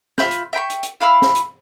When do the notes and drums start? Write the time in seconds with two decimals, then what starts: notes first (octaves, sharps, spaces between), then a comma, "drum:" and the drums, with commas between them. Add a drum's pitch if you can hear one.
0.18 F4 E5 B5 G6, drum: snare
0.31 drum: hi-hat
0.53 E5 G5 B5 C#6
0.70 drum: hi-hat
0.83 drum: hi-hat
1.01 E4 F5 B5 E6
1.22 drum: snare
1.35 drum: hi-hat